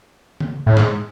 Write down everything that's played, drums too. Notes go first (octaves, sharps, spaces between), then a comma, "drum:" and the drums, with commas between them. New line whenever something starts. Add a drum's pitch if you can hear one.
drum: tom C#3
A2
G#2, drum: snare